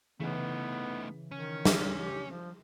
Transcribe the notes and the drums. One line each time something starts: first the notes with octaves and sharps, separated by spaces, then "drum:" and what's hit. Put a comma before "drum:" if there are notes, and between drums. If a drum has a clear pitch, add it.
C#3 E3 A3 B3 D#4
D#3 C#4
drum: snare
G4
F3